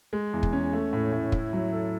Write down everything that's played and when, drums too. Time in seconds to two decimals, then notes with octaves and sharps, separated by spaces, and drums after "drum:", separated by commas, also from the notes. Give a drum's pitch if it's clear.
0.13 G#3
0.33 E2
0.43 drum: kick
0.53 C#4
0.73 A3
0.93 A2
1.13 A2
1.32 E4, drum: kick
1.53 F#3
1.72 A4